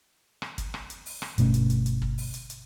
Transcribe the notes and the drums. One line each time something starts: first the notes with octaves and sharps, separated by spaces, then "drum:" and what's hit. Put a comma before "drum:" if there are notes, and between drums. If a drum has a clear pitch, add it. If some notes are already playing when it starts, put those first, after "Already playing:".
drum: rim click
drum: kick, hi-hat
drum: rim click
drum: hi-hat
drum: open hi-hat
drum: rim click
G1 B2 A3 C#4, drum: hi-hat
drum: hi-hat
drum: hi-hat
drum: hi-hat
drum: kick
drum: open hi-hat
drum: hi-hat
drum: hi-hat